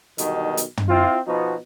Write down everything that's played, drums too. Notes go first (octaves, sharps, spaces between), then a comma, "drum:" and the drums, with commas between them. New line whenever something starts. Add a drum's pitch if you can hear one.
B1 B2 D3 D#3 G3, drum: hi-hat
drum: hi-hat
drum: tom
C4 E4 F4
B2 F3 B3 D#4 F#4